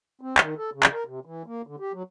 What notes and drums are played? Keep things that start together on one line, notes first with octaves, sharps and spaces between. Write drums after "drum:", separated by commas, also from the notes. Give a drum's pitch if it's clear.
C4
D#3, drum: clap
A4
C#3
drum: clap
A#4
C3
E3
A#3
D3
G4
F#3